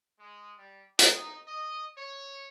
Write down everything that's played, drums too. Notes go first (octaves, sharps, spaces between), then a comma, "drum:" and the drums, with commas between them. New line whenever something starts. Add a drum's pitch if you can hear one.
G#3
G3
D#4, drum: hi-hat
D#5
C#5